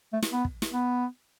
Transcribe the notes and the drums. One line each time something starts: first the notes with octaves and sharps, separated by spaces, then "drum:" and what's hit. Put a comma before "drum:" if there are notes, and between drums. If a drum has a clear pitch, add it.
A3
drum: snare
B3
drum: kick
drum: snare
B3